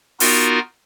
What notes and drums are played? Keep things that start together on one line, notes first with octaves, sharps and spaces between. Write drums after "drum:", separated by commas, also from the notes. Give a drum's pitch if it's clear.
B3 D#4 F4 F#4 A#4, drum: open hi-hat